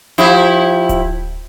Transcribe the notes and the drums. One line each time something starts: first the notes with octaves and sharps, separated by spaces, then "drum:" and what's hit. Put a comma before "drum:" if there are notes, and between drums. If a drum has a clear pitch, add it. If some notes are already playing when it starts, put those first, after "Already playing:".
F3 E4 G4, drum: hi-hat
drum: kick D1, hi-hat